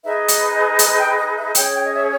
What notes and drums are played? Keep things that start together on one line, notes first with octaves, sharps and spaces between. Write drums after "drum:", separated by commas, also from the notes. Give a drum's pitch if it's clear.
D#4 G#4 B4 E5
drum: hi-hat
D#5
D#5, drum: hi-hat
G5
D#5
E5
C#4 G#4 C#5 G5, drum: hi-hat
G5
D#5
E5